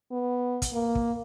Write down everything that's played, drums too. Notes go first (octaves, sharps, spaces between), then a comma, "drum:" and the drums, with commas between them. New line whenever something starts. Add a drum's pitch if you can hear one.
B3
drum: kick, hi-hat
A#3
drum: kick